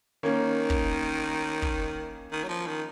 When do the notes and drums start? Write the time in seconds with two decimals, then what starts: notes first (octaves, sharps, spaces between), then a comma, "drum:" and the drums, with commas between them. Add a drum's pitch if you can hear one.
0.23 D#3 A#3 C#4
0.70 drum: kick
1.62 drum: kick
2.32 D#3
2.44 F#3
2.48 F3
2.67 D#3